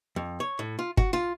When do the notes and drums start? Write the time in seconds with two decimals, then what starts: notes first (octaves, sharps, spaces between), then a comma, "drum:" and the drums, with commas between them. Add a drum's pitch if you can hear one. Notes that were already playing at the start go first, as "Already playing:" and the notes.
0.16 F2
0.40 C#5
0.59 A2
0.79 F4
0.97 F#4, drum: kick G1
1.13 F4